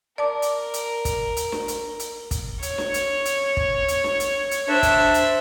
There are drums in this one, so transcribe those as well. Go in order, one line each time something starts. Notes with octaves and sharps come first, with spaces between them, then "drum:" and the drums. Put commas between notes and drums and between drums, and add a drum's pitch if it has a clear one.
A#4 D5 A5 D6
drum: hi-hat
drum: hi-hat
drum: kick, hi-hat
drum: hi-hat
drum: snare D4
drum: hi-hat
drum: hi-hat
drum: kick, hi-hat
C#5, drum: hi-hat
drum: snare D4
drum: hi-hat
drum: hi-hat
drum: kick
drum: hi-hat
drum: snare D4
drum: hi-hat
drum: hi-hat
D4 C5 E5
drum: kick, hi-hat
drum: hi-hat